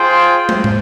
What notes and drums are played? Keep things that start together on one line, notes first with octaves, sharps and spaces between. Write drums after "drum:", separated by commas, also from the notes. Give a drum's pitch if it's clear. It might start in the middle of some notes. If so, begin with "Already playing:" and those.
Already playing: F4 G#4 C5 G5
drum: tom
drum: tom